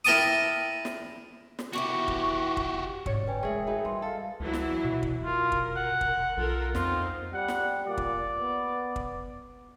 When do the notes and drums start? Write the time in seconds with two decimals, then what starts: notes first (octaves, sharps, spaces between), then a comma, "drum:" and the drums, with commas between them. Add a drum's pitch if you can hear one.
0.05 E4 A#4 G5 A5 D6 D#6
0.85 drum: snare
1.59 drum: snare
1.73 B2 E3 E4 F#4 G4 C#6
2.08 drum: kick
2.57 drum: kick
3.06 G#2 D3 C#4 C#5 D5, drum: kick
3.27 B4 G5 G#5
3.43 G#3 A3 G#4 A#4 C#5 E5 G5
3.67 D#4 F#4 B4
3.85 G3 C6
4.02 A4 F5
4.40 C#2 E3 F#3 E4
4.53 drum: snare
4.85 B2
5.03 drum: kick
5.25 F4 A#4
5.52 drum: kick
5.76 F#5
6.01 drum: kick
6.37 B1 F4 A4 A#4
6.75 F2 C4 D#4 F4, drum: snare
7.33 G3 F#5
7.48 drum: snare
7.87 A#2 D5
7.97 drum: kick
8.39 B3
8.96 drum: kick